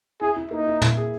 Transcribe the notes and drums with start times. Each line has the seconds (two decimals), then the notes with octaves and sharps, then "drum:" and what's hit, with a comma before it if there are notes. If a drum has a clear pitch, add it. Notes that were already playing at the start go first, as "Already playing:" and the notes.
0.21 E4 G#4
0.37 E4
0.51 A#3 D#4
0.67 E4
0.82 E4, drum: tom
0.97 G#4